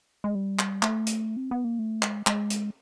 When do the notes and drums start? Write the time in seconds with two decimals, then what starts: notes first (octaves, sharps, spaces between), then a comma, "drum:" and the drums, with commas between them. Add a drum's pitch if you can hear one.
0.24 G#3
0.35 G3
0.59 drum: clap
0.83 A3, drum: clap
1.07 drum: hi-hat
1.36 C4
1.51 B3
1.64 A#3
1.79 A3
2.02 G#3, drum: clap
2.27 G#3, drum: clap
2.50 drum: hi-hat